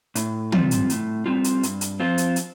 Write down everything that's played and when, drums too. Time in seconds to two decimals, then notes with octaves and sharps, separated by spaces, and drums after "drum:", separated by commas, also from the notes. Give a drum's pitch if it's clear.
0.15 A2, drum: hi-hat
0.52 G3 C4 F4, drum: tom
0.71 drum: hi-hat
0.90 A2, drum: hi-hat
1.26 G3 C4 F4
1.44 drum: hi-hat
1.63 G2, drum: hi-hat
1.81 drum: hi-hat
2.00 F3 C4 F4
2.18 drum: hi-hat
2.36 drum: hi-hat